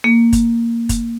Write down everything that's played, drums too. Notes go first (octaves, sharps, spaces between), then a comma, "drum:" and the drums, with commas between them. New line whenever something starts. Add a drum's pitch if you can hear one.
A#3
drum: kick F#1, hi-hat
drum: kick F#1, hi-hat